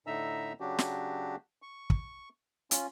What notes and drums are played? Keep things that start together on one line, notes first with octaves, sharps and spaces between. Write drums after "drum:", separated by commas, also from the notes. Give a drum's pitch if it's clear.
A2 D3 D#4 E5 A#5 E6
C#3 F#3 D4 F#4 G4
drum: snare
C#6
drum: kick
C#4 F4, drum: hi-hat